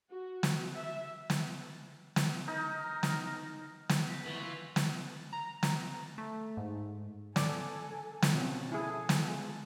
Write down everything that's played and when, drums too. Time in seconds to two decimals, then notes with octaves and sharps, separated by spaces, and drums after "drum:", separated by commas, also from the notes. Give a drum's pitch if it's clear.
0.11 F#4
0.43 drum: snare
0.76 E5
1.30 drum: snare
2.16 drum: snare
2.48 D#4 A#4
3.03 drum: snare
3.89 drum: snare
4.10 G6 A#6 B6
4.26 A#2 E3 B3 C#6 F#7
4.42 F4
4.76 drum: snare
5.33 A#5
5.63 drum: snare
6.18 A3
6.57 G#2
7.36 A4 D5 G#5, drum: snare
8.22 drum: snare
8.33 B2 F3 C4 C#4 F#4
8.72 E4 G#4 A4 G#5
9.09 drum: snare
9.25 G#3 F4